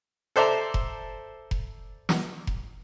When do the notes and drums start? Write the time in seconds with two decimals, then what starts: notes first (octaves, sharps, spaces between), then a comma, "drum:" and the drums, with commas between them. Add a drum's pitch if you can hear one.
0.36 A4 C5 D5 E5 A5 A#5
0.74 drum: kick F1
1.51 drum: kick F1
2.09 drum: snare
2.47 drum: kick F1